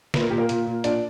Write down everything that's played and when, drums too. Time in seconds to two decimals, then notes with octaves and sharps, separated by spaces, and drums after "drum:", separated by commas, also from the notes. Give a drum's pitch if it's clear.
0.14 A#2 B4, drum: snare
0.22 A#4
0.31 A#2 G4
0.38 A#3 A#4
0.49 A#2, drum: hi-hat
0.66 A#2
0.84 A#2 D4 D5, drum: hi-hat